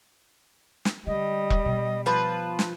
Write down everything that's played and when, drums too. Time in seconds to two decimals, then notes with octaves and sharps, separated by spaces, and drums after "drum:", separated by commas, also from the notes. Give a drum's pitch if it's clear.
0.85 drum: snare
1.07 D3 G3 D#5
1.50 drum: kick E1
1.66 B2
2.06 F3 F4 B4 A5
2.59 drum: snare